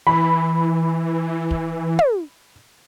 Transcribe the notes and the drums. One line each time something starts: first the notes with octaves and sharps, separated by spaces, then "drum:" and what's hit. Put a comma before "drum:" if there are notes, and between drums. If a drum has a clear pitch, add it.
E3 B5
drum: kick
drum: tom